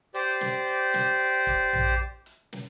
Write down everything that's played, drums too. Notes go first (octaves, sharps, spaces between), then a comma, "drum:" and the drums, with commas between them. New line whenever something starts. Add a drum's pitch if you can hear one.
G4 C5 D5, drum: hi-hat
drum: snare
drum: hi-hat
drum: snare
drum: hi-hat
drum: kick, hi-hat
drum: tom A#1
drum: hi-hat
drum: snare